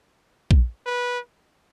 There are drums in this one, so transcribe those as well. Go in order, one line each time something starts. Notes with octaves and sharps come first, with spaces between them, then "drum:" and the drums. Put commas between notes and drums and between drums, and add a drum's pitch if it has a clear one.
drum: kick A#1
B4